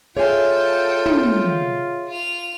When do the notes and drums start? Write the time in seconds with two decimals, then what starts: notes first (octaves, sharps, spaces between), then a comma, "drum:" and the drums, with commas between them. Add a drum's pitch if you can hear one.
0.17 F4 G#4 A4 C#5 E5 G5 G#5
1.06 drum: tom
2.08 F4 F7